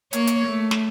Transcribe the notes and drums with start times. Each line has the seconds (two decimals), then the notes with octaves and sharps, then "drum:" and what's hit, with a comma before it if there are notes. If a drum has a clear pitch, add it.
0.13 A#3 C#5, drum: hi-hat
0.27 drum: hi-hat
0.48 A3
0.71 drum: snare